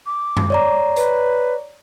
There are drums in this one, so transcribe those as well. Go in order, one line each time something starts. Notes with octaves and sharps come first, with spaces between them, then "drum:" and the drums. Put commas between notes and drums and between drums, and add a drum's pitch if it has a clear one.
D6
drum: tom F#2
C#5 D5 A#5
B4, drum: hi-hat